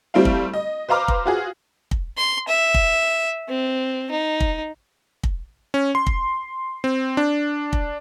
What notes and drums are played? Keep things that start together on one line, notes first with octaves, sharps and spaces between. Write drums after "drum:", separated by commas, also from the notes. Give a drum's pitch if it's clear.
G3 A3 C4 E4 F5
drum: kick
D#5
B4 C5 F5 A#5 D6 F6
drum: kick
F4 F#4 G#4
drum: kick
C6
E5
drum: kick
C4
D#4
drum: kick
drum: kick
C#4
C6
drum: kick
C4
D4
drum: kick